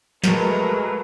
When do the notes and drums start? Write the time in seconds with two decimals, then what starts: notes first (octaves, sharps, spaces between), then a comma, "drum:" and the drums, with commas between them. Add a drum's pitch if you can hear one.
0.24 F#3 G#3 A3 A#4 B4, drum: snare